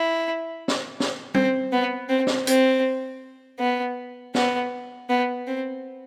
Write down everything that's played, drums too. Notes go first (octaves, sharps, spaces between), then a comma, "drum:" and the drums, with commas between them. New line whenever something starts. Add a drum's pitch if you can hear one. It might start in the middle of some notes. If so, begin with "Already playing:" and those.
Already playing: E4
drum: snare
drum: snare
C4, drum: tom G3
B3
C4
drum: snare
C4, drum: hi-hat
B3
B3, drum: snare
B3
C4